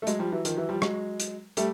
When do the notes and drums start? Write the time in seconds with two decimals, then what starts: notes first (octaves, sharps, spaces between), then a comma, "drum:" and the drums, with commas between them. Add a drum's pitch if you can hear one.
0.02 A3
0.07 F#3 G#3, drum: hi-hat
0.19 F3 G3
0.32 E3 F#3
0.45 D#3 F3, drum: hi-hat
0.57 E3 F#3
0.69 F3 G3
0.82 F#3 G#3, drum: rim click
1.20 drum: hi-hat
1.57 G3 A3, drum: hi-hat